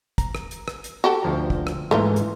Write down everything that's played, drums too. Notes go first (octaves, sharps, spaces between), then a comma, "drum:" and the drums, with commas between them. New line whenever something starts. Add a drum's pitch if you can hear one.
A#5, drum: kick, hi-hat
drum: rim click
drum: hi-hat
drum: rim click
drum: hi-hat
F#4 G4 A4
D2 F3 A#5
drum: kick
drum: rim click
G#2 E3 A3 A#3 F4 F5
drum: hi-hat